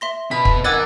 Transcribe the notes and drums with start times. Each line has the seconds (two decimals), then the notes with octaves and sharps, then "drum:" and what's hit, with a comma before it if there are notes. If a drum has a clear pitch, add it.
0.01 E5 C6 A#6
0.31 B2 B5
0.45 drum: kick
0.65 A#4 D#5 F#5 G#5 D6 E6 A6